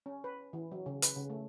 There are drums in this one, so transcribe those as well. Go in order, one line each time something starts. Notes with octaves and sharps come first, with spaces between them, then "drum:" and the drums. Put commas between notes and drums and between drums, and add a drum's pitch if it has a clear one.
C#4
B4
E3
F#3
C#3
B4, drum: hi-hat
C#3
A3